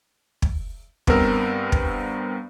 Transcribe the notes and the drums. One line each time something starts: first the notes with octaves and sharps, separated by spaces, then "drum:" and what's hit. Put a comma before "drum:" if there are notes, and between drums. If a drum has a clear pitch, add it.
drum: kick
G2 B3 C4 A#4 E6, drum: kick
drum: kick